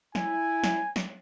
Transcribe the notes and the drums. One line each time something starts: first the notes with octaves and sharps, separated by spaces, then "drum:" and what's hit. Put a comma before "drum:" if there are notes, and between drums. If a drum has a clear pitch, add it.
E4 G#5, drum: snare
drum: snare
drum: snare